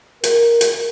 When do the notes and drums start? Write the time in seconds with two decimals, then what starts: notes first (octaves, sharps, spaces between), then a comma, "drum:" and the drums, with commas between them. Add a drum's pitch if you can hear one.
0.24 A#4, drum: hi-hat
0.61 drum: hi-hat